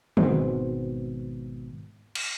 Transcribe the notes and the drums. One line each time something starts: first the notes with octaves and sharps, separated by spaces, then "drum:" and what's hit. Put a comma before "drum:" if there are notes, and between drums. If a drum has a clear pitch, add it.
G#1 G#2 B2 C4, drum: tom D3
drum: cymbal